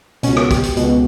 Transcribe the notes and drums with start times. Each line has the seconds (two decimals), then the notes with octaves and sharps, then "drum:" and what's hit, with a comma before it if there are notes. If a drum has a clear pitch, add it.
0.23 C#2 B2 C#4, drum: hi-hat
0.37 drum: rim click
0.51 G4, drum: kick, hi-hat
0.63 drum: hi-hat
0.77 C#2 B2, drum: hi-hat